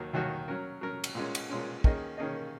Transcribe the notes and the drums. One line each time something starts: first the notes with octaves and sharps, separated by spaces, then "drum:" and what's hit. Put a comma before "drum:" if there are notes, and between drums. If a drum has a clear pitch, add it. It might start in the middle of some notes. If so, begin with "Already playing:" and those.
Already playing: D#2 D#3 F#3 A#3 F#4
D#2 D#3 F#3 A#3 F#4
F#3 C#4 A#4
F#3 C#4 A#4
drum: cymbal
A#2 G#3 C#4
drum: cymbal
A#2 G#3 C#4
D#3 A#3 C#4 G#4 D#5, drum: kick
D#3 A#3 C#4 G#4 D#5